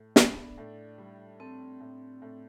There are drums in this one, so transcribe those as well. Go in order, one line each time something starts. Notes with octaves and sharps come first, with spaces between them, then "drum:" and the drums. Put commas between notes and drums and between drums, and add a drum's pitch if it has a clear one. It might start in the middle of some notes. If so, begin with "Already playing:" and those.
Already playing: A2
B3 D4, drum: snare
A2
G3
C4 A4
A2
A2